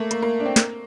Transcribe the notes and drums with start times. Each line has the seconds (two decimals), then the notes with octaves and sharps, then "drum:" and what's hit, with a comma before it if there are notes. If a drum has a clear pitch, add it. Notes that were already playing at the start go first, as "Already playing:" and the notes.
Already playing: A3 A#3
0.11 A#3, drum: hi-hat
0.22 A#3
0.40 D4
0.45 C4
0.56 A#3, drum: snare